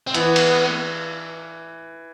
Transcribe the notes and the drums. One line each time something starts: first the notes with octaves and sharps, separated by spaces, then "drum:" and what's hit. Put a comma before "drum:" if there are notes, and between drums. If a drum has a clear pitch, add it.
C4
E3 B3, drum: hi-hat
drum: cymbal